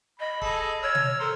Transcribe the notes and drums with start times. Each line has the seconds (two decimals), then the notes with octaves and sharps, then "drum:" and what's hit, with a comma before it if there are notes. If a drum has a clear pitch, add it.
0.20 D#5 B5
0.42 G#4 A4 B5, drum: kick
0.82 C#5 E6 F6
0.95 drum: tom B2
1.20 A4 A#4 C5